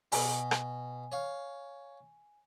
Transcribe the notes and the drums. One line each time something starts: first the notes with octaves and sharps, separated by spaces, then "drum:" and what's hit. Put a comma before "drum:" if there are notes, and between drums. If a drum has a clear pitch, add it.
B2 G#5, drum: open hi-hat
drum: rim click
C#5 F5